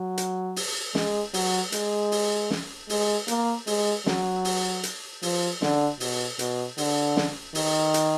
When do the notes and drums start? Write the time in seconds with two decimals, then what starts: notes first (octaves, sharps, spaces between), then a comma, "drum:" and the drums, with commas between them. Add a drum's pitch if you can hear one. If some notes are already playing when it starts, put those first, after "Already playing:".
Already playing: F#3
0.18 drum: hi-hat
0.56 drum: open hi-hat
0.95 G#3, drum: snare
1.34 F#3, drum: open hi-hat
1.72 G#3, drum: hi-hat
2.12 drum: open hi-hat
2.50 drum: snare
2.89 G#3, drum: open hi-hat
3.28 A#3, drum: hi-hat
3.67 G#3, drum: open hi-hat
4.06 F#3, drum: snare
4.45 drum: open hi-hat
4.83 drum: hi-hat
5.22 F3, drum: open hi-hat
5.62 D3, drum: snare
6.00 B2, drum: open hi-hat
6.39 B2, drum: hi-hat
6.78 D3, drum: open hi-hat
7.16 drum: snare
7.55 D#3, drum: open hi-hat
7.94 drum: hi-hat